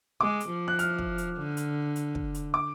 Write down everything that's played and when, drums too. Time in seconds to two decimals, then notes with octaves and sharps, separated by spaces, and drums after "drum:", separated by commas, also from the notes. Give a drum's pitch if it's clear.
0.21 G#3 D6
0.40 drum: hi-hat
0.50 F3
0.68 F#6
0.79 F6, drum: hi-hat
0.99 drum: kick
1.18 drum: hi-hat
1.38 D3
1.57 drum: hi-hat
1.96 drum: hi-hat
2.15 drum: kick
2.34 drum: hi-hat
2.54 D6